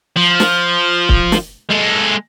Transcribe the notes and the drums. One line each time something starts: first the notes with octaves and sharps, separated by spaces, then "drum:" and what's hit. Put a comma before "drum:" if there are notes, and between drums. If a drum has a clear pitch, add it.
F3
drum: snare
drum: kick
drum: snare
G#3 A4